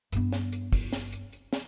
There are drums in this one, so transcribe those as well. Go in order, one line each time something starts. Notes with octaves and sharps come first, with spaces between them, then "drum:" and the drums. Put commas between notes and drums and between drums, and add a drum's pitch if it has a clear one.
G2 B3, drum: hi-hat
drum: snare
drum: hi-hat
drum: kick, open hi-hat
drum: snare
drum: hi-hat
drum: hi-hat
drum: snare